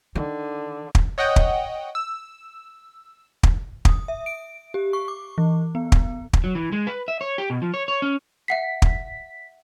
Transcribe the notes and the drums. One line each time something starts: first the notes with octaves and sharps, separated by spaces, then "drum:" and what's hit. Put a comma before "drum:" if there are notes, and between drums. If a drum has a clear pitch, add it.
D3 D#3
drum: kick
C#5 D#5 F#5 G5
drum: kick
E6
drum: kick
D#6, drum: kick
E5
D7
G4
C#6
D6
E3
B3
drum: kick
drum: kick
F#3
E3
G#3
B4
E5
C#5
G4
B2
F3
C#5
C#5
C#4
E5 F#5 B6 C7
drum: kick